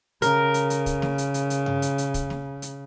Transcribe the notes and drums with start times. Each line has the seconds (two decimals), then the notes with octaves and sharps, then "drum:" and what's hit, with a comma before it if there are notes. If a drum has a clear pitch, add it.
0.22 C#3 A#4, drum: hi-hat
0.54 drum: hi-hat
0.70 drum: hi-hat
0.86 drum: kick, hi-hat
1.02 drum: snare
1.18 drum: hi-hat
1.34 drum: hi-hat
1.50 drum: hi-hat
1.66 drum: tom G2
1.82 drum: hi-hat
1.98 drum: hi-hat
2.14 drum: kick, hi-hat
2.30 drum: snare
2.62 drum: hi-hat